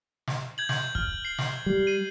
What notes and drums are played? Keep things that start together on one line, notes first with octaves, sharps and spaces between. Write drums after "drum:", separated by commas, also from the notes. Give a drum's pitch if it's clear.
drum: snare
G6 G#6 F#7
drum: snare
F6, drum: kick
C7 F#7
drum: snare
G3
C7 D#7